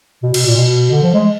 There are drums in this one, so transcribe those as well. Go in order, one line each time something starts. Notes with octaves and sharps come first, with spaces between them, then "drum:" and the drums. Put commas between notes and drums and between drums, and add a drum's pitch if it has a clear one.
B2
B2, drum: cymbal
A#2
B2
D3
F3
G#3